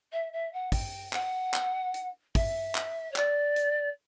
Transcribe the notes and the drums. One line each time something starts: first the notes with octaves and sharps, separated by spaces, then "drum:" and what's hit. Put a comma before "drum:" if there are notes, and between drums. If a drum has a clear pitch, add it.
E5
E5
F#5
G5, drum: kick, open hi-hat
F#5, drum: clap
drum: clap
drum: hi-hat
E5, drum: kick, open hi-hat
drum: clap
C#5
D5, drum: clap
drum: hi-hat